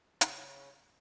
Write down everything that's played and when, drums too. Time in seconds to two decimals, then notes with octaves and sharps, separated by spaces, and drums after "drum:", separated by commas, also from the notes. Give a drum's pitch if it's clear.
0.21 C#3 C#4, drum: hi-hat